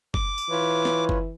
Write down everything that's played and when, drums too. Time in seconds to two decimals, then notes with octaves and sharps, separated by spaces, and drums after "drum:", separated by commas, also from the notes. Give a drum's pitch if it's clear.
0.14 D6, drum: kick F#1
0.38 drum: tambourine
0.50 E3 F4 B4 C#5
0.85 drum: snare
1.09 drum: kick F#1